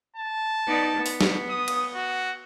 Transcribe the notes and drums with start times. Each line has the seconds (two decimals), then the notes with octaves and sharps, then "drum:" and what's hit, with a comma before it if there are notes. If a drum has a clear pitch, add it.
0.16 A5
0.67 B3 D#4 D5
0.96 B3
1.06 drum: open hi-hat
1.21 drum: snare
1.50 D#6
1.68 drum: cymbal
1.95 F#4